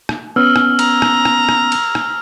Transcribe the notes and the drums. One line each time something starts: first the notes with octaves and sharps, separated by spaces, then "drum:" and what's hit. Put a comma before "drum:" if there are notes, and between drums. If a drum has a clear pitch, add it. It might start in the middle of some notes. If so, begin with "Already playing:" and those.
drum: rim click
B3 C#4 E6 F6
drum: rim click
A#5, drum: cymbal
drum: rim click
drum: rim click
drum: rim click
drum: cymbal
drum: rim click